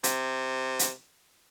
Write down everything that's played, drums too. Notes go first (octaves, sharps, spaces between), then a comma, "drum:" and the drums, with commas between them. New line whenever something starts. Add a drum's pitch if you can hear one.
C3, drum: hi-hat
drum: hi-hat